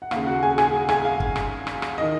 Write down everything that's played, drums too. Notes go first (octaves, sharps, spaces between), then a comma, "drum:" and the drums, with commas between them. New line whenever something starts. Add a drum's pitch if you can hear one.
F#5
D#2 C#3 F5, drum: rim click
F#4 F#5
G#4 G#5
G#4 G#5, drum: rim click
G#4 G#5, drum: rim click
F5
drum: kick
drum: rim click
drum: rim click
drum: rim click
D#3 D#5